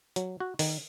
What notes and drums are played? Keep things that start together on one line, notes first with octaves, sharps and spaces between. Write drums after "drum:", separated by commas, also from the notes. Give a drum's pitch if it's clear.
F#3, drum: hi-hat
F#4
D#3, drum: open hi-hat